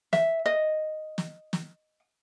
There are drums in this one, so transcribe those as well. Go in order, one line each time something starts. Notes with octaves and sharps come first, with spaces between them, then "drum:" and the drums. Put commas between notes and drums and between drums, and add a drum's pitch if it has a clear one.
E5, drum: snare
D#5
drum: snare
drum: snare